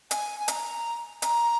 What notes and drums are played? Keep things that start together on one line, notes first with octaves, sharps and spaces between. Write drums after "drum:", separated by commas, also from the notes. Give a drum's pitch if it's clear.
G#5, drum: hi-hat
G#5
A#5, drum: hi-hat
A#5, drum: hi-hat